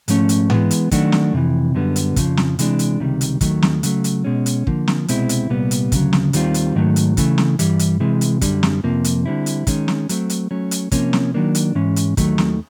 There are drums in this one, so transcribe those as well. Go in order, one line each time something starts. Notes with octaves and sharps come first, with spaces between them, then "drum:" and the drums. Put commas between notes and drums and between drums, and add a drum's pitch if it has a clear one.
G#2 F3 A3 C#4, drum: hi-hat
drum: hi-hat
E3 G#3 B3, drum: tom G#2
drum: hi-hat
D#3 F#3 A3 D4 F#4, drum: kick, hi-hat
drum: snare
F2 C3 E3
F#2 D3 G3 B3
drum: hi-hat
F2 C#3 F3, drum: kick, hi-hat
drum: snare
C3 E3 G#3 B3 D4, drum: hi-hat
drum: hi-hat
C#2 C3 D#3 G3
drum: hi-hat
D#2 D#3 F#3 A3, drum: kick, hi-hat
drum: snare
C#3 F#3 A3, drum: hi-hat
drum: hi-hat
B2 G#3 C#4
drum: hi-hat
D3 F3 A#3, drum: kick
drum: snare
C2 B2 G#3 C4 E4, drum: hi-hat
drum: hi-hat
C2 A#2 G3 B3
drum: hi-hat
D2 C#3 F#3, drum: kick, hi-hat
drum: snare
D#2 D#3 G3 C4 F4, drum: hi-hat
drum: hi-hat
G#2 D#3 F#3 A3
drum: hi-hat
C#3 E3 A3, drum: kick, hi-hat
drum: snare
G2 E3 G3, drum: hi-hat
drum: hi-hat
C3 E3 G#3
drum: hi-hat
F#2 D3 G3, drum: kick, hi-hat
drum: snare
F2 C3 F3 A#3
drum: hi-hat
D3 G3 C4 E4
drum: hi-hat
D#3 G#3 C#4, drum: kick, hi-hat
drum: snare
F#3 A3 C4, drum: hi-hat
drum: hi-hat
F#3 A3 C#4
drum: hi-hat
C3 F3 A#3 C#4, drum: kick, hi-hat
drum: snare
D#3 F#3 A#3 D4
drum: hi-hat
G#2 E3 G#3 C#4
drum: hi-hat
D#2 D#3 F#3 A3, drum: kick, hi-hat
drum: snare